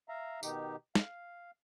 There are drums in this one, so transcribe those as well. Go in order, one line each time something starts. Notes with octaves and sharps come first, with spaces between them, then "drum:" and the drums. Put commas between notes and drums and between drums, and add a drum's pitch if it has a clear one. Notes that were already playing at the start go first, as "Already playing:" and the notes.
E5 F5 A#5
B2 D#3 D#4 G4, drum: tambourine
F5, drum: snare